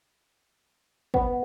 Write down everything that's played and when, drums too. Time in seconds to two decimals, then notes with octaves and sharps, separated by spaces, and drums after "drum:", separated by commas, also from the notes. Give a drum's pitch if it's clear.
1.14 B3, drum: kick